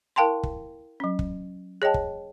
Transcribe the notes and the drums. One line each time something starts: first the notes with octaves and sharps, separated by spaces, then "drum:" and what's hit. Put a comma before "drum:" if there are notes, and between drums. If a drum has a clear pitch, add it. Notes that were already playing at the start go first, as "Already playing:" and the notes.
E4 A#4 F5 G5 A5 C6
drum: kick
F#3 C#4
drum: kick
G#4 C#5 D#5 G5 A5
drum: kick